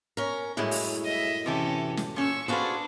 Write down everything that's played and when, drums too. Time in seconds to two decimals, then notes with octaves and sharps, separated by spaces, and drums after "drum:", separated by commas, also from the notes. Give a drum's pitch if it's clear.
0.17 C#4 A#4
0.57 F#2 A2 G3 G#3 E4
0.71 drum: open hi-hat
1.05 D#5 E5
1.46 C3 E3 C#4 G4 A4
1.97 drum: snare
2.16 A#2 C#4 C#6 E6
2.48 D4 F4 F#4 G#4 A4 B4 C5